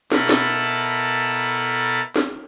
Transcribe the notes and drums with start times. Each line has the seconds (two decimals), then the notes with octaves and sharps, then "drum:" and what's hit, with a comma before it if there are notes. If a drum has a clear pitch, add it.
0.12 B2 E4 A4 A#4 A5 B5, drum: snare
0.29 drum: snare
2.16 drum: snare